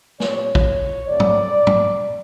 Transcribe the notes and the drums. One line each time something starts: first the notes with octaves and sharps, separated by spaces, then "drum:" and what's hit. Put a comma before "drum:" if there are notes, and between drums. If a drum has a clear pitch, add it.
A#2 G3 C4 C#5, drum: snare
drum: kick
A2 F#3 A3 C4 D5
drum: tom
drum: tom